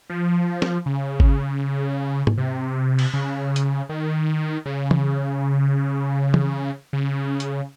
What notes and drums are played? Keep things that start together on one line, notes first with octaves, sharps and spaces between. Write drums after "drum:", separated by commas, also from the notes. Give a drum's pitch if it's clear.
F3
drum: snare
C#3
drum: kick G#1
drum: tom G#2
C3
drum: cymbal
C#3
drum: hi-hat
D#3
C#3
drum: tom E3
drum: tom E3
C#3
drum: hi-hat